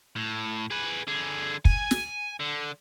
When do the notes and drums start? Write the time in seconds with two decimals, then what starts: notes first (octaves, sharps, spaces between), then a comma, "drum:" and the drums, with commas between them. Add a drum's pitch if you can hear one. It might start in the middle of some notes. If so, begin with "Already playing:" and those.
0.16 A2
0.70 G#4 B4
1.07 D3 G#4
1.65 G#5, drum: kick
1.91 drum: snare
2.40 D3